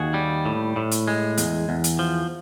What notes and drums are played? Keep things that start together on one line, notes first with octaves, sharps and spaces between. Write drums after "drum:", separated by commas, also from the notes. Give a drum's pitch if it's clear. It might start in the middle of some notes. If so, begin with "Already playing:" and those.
Already playing: D#2 F#4 G#4
G3
A2
A2
drum: hi-hat
G#3
E2, drum: hi-hat
E2
drum: hi-hat
F3